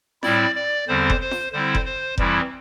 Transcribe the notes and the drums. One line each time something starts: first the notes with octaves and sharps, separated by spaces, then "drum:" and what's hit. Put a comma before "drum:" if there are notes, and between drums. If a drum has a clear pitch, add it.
A2 G3 C4 E4 D5, drum: snare F4
D5
E2 D3 G3 C4 C5
drum: kick F1
C5
drum: snare F4
D3 G3 C4 E4 C5
drum: kick F1
C5
F2 E3 G3 C4 E4, drum: kick F1